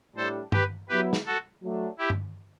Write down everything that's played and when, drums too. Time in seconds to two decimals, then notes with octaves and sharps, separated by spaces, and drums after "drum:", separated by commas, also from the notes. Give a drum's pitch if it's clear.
0.16 A2 G3 D4 A4 C5
0.52 G4 B4, drum: tom G2
0.89 F#3 B3 E4 G4 B4
1.13 drum: snare
1.26 F#4 A4
1.62 F#3 A3 D4
1.98 E4 G4
2.10 drum: tom G2